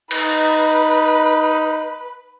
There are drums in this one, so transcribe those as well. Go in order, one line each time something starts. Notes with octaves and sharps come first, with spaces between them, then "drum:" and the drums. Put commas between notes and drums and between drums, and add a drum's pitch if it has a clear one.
D#4 B4, drum: cymbal